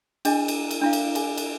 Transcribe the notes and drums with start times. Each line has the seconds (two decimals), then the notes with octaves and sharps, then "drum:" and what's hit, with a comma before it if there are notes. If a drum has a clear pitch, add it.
0.25 D4 G#4 D#5 G#5, drum: cymbal
0.48 drum: cymbal
0.71 drum: cymbal
0.81 D4 E4 F5
0.93 drum: cymbal
1.15 G#4 G#5, drum: cymbal
1.37 drum: cymbal